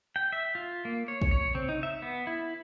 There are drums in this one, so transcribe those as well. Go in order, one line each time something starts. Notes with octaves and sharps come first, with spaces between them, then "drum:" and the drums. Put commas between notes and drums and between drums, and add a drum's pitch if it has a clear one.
G5
E5
F4
A#3
C#5
drum: kick
C#5
C4, drum: tom C3
D#4
E5
B3
E4